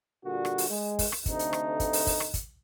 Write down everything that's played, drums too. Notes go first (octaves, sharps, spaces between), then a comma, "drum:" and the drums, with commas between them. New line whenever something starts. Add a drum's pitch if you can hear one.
A#2 D3 G3 F#4
drum: rim click
drum: open hi-hat
G#3
drum: kick, open hi-hat
drum: rim click
D2 C3 A3 D#4, drum: kick, hi-hat
drum: hi-hat
drum: rim click
drum: kick, hi-hat
drum: open hi-hat
drum: kick, open hi-hat
drum: rim click
drum: kick, hi-hat